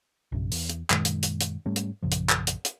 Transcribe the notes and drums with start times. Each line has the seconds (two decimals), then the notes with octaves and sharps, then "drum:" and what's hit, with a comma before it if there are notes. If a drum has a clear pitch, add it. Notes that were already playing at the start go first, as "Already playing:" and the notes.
0.32 A#1 F#2 C3
0.52 E2, drum: open hi-hat
0.69 drum: hi-hat
0.90 F#2 A#2 D#3 G#3, drum: clap
1.05 drum: hi-hat
1.23 drum: hi-hat
1.41 drum: hi-hat
1.66 G#2 G3 A3 C#4
1.76 drum: hi-hat
2.03 A#1 F#2 C#3 F3
2.12 drum: hi-hat
2.29 drum: clap
2.47 drum: hi-hat
2.65 drum: hi-hat